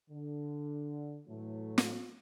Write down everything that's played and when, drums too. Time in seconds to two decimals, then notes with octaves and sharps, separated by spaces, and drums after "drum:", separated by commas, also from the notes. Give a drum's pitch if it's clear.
0.10 D3
1.26 A2 E3 F#3 A3
1.78 drum: snare